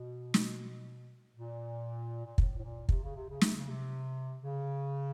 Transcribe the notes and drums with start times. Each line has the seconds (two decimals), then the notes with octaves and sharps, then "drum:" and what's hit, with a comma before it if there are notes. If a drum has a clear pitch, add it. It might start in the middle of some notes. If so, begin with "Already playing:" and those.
Already playing: B2
0.34 drum: snare
1.35 A#2
2.25 A#2
2.38 A2, drum: kick
2.58 A2
2.62 A#2
2.89 C3, drum: kick
3.01 C#3
3.15 C3
3.29 C#3
3.41 C3, drum: snare
3.55 C#3
3.68 C3
4.41 C#3